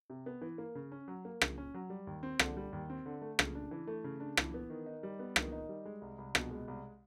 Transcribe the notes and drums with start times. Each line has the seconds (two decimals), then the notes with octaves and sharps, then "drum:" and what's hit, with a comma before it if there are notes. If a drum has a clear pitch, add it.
0.10 C3
0.26 B3
0.42 E3
0.58 A#3
0.75 C#3
0.92 C#4
1.08 F#3
1.25 A#3
1.41 C#3, drum: rim click
1.58 C#4
1.74 F#3
1.90 G3
2.07 D#2
2.23 C4
2.39 D3, drum: rim click
2.57 G3
2.72 D#2
2.90 C4
3.06 D3
3.22 A3
3.39 C#3, drum: rim click
3.55 D4
3.71 E3
3.87 A3
4.04 C#3
4.20 D4
4.37 E3, drum: rim click
4.54 B3
4.70 D#3
4.86 D#4
5.03 G3
5.19 B3
5.36 D#3, drum: rim click
5.52 D#4
5.69 G3
5.86 G#3
6.01 C2
6.18 C2
6.35 B2, drum: rim click
6.51 G#3
6.68 C2